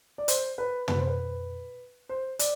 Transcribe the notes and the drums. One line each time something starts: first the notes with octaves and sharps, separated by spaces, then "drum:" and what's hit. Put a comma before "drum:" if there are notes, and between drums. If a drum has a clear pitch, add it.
D5
C5, drum: hi-hat
B4
B4, drum: tom
C5
B4
C5
D5, drum: hi-hat